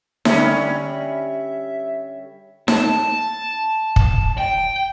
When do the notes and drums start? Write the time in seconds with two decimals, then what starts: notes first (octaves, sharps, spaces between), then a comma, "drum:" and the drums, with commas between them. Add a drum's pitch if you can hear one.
0.25 D3 G3 C#4 E5, drum: snare D#4
2.68 A5, drum: snare D#4
3.96 drum: kick
4.38 G5